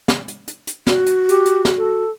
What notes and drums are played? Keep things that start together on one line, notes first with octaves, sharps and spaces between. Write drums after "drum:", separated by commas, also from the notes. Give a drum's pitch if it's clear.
drum: snare
drum: hi-hat
drum: hi-hat
drum: hi-hat
F#4, drum: snare
drum: hi-hat
G4, drum: hi-hat
drum: hi-hat
drum: snare
A4